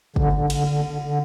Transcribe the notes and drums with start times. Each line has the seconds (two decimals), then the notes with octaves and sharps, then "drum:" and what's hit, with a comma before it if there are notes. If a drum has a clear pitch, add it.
0.16 D3, drum: kick
0.33 D3
0.50 D3, drum: cymbal
0.67 D3
0.85 D3
1.02 D3